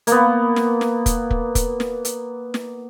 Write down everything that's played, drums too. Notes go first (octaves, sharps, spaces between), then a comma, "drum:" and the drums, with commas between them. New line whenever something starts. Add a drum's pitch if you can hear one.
A#3 B3, drum: hi-hat
drum: snare
drum: snare
drum: kick, hi-hat
drum: kick
drum: kick, hi-hat
drum: snare
drum: hi-hat
drum: snare